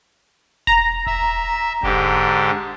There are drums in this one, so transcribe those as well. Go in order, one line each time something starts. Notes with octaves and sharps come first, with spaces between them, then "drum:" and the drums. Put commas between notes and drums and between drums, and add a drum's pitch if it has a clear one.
A#5, drum: kick E1
E5, drum: kick E1
G#2 D3 G4, drum: kick E1